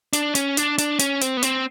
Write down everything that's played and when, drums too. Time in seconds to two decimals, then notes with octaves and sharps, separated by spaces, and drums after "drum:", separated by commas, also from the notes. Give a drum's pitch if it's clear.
0.13 D4, drum: hi-hat
0.35 C#4, drum: hi-hat
0.57 D4, drum: hi-hat
0.78 D4, drum: hi-hat
0.99 C#4, drum: hi-hat
1.21 C4, drum: hi-hat
1.37 B3
1.43 C4, drum: hi-hat